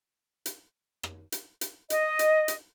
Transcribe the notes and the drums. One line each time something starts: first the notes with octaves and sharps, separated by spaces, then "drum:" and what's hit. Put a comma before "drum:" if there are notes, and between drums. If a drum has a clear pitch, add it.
drum: hi-hat
drum: rim click
drum: hi-hat
drum: hi-hat
D#5, drum: hi-hat
drum: hi-hat
drum: hi-hat